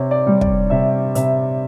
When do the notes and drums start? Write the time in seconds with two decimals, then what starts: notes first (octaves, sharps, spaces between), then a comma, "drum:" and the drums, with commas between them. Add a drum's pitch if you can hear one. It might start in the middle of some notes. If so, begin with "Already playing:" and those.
Already playing: C3 C#5
0.11 D5
0.27 G3
0.41 D5, drum: kick
0.70 C3 E5
1.15 C3 E5, drum: hi-hat